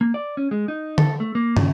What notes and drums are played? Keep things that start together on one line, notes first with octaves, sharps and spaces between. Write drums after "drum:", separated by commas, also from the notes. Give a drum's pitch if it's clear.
A#3
D5
C#4
G#3
D#4
A4, drum: tom D3
A3
A#3
C#3, drum: tom